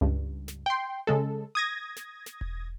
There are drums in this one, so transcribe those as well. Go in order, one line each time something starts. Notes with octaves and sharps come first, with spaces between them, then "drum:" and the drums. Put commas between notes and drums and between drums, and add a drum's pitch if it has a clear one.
C#2 G2
drum: snare
G5 C6
C#3 G#3 A4
D#6 G#6 A#6
drum: snare
drum: snare
drum: kick E1